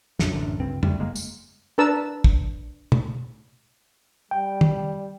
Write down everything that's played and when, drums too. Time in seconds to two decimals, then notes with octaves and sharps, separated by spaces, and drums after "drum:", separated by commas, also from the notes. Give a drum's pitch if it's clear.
0.19 A#1 F#2 D3, drum: snare
0.32 A1 F#2 D3
0.59 C#2 G2 C4
0.83 D2 G3, drum: tom
0.99 F#1 G#3 A#3
1.16 drum: tambourine
1.78 D4 A#4 B4 A5 E6
2.24 drum: kick
2.92 drum: tom
4.31 G3 G5
4.61 drum: tom